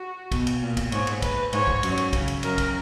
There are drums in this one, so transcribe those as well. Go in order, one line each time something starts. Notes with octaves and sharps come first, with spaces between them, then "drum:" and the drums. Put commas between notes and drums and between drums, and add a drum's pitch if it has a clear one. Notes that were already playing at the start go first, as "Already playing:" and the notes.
Already playing: F#4
B2, drum: kick, cymbal
drum: cymbal
A#2
drum: kick, cymbal
G#2 C#5, drum: cymbal
drum: cymbal
B4, drum: kick, cymbal
G#2 C#5, drum: cymbal
drum: kick
F#2, drum: cymbal
drum: cymbal
C#3, drum: kick, cymbal
drum: cymbal
F#2 A#4, drum: cymbal
drum: kick, cymbal